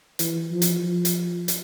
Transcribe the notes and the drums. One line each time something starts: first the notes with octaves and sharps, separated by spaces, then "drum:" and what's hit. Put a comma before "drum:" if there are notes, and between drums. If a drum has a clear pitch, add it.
E3, drum: hi-hat
F3
drum: hi-hat
F3
drum: hi-hat
drum: hi-hat